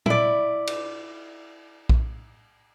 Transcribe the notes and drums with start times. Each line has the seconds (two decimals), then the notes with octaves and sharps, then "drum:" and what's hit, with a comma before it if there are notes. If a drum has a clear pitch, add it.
0.06 E4 D5, drum: tom A#2
0.67 drum: cymbal
1.89 drum: kick A#1